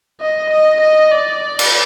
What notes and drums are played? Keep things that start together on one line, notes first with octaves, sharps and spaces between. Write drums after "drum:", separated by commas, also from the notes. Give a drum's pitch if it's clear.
D#5
D#5
D#5
D5
drum: cymbal